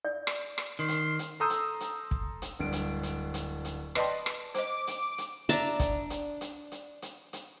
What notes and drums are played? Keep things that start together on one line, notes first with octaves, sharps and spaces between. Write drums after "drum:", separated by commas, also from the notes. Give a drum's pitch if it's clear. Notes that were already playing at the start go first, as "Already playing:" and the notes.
D5
drum: rim click
drum: rim click
D#3 C6
drum: hi-hat
drum: hi-hat
A4 A#5 C6 D#6 E6 G6
drum: hi-hat
drum: hi-hat
drum: kick
drum: hi-hat
D1 G2 D7
drum: hi-hat
drum: hi-hat
drum: hi-hat
drum: hi-hat
B4 D5 D#5 G5 A5 C6, drum: rim click
drum: rim click
C5 D#5 D6, drum: hi-hat
drum: hi-hat
drum: hi-hat
D4 D5 E5 A5 A#5, drum: hi-hat
drum: kick, hi-hat
drum: hi-hat
drum: hi-hat
drum: hi-hat
drum: hi-hat
drum: hi-hat